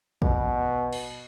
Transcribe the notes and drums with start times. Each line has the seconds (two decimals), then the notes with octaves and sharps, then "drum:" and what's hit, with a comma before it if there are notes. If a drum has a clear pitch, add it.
0.22 B2, drum: kick
0.93 drum: cymbal